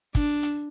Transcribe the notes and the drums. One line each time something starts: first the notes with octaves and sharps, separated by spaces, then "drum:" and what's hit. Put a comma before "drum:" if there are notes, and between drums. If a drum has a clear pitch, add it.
D4, drum: kick, hi-hat
drum: hi-hat